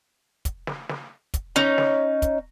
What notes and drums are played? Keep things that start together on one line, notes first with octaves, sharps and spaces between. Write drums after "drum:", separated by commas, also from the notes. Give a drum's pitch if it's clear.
drum: kick, hi-hat
drum: snare
drum: snare
drum: kick, hi-hat
C#4 D#4, drum: snare
drum: snare
drum: kick, hi-hat